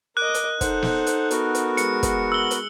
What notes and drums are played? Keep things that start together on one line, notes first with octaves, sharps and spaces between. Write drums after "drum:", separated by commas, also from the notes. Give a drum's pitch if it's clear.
A#4 D#5 D6 F#6
drum: hi-hat
D#4 A4 C5 F#5, drum: kick, hi-hat
drum: snare
drum: hi-hat
B3 F#4 A#4, drum: hi-hat
drum: hi-hat
G#3 C#7, drum: hi-hat
drum: kick, hi-hat
E6 G7
drum: hi-hat